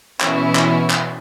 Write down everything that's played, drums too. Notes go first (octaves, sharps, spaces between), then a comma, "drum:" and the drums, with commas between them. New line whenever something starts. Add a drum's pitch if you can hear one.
B2 E3 B3 C#4 E4, drum: clap
drum: clap
drum: clap